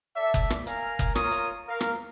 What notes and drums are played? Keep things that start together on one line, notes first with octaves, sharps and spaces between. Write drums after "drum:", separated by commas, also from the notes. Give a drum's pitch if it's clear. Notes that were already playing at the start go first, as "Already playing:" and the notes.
A4 D5 E5
drum: kick F#1, hi-hat
drum: rim click
A#4 F5 G#5 A#5, drum: hi-hat
drum: kick F#1, hi-hat
F4 A#4 C#5 A#5 D#6, drum: rim click
drum: hi-hat
A#4 F5
drum: rim click